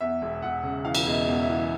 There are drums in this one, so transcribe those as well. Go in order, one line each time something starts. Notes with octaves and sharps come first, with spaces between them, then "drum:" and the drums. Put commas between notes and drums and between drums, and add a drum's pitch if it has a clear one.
E2 E5
E1
E1 F#5
C#3
E3 F5
drum: cymbal
E1 D#5
E5
E2
E5
E3